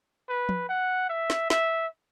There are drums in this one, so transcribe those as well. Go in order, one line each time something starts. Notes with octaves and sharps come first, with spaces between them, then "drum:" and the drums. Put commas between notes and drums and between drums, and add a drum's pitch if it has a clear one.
B4
drum: tom
F#5
E5
drum: snare
E5, drum: snare